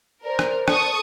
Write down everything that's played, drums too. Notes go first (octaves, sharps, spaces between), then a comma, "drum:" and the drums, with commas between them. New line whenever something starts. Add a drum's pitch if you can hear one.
A#4 C5 D5
drum: rim click
A4 C#6 D#6, drum: rim click